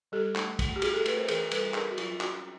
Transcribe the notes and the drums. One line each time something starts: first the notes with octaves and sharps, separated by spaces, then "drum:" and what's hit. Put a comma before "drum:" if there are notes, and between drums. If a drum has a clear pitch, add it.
G3 G4 A4
A3, drum: clap
A3, drum: kick, cymbal
G4
E4 F#4 G#4, drum: cymbal
G4 A4
A3 B4, drum: cymbal
A#4 C5
E3 G#4 A#4, drum: cymbal
G3 A4 B4, drum: cymbal
D4 G#4 A#4, drum: clap
F#4
F#3 F4, drum: cymbal
C#4 F#4, drum: clap